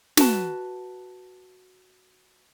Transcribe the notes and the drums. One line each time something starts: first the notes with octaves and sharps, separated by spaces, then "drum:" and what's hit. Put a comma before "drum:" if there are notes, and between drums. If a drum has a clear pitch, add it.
F#4 B4 A5, drum: snare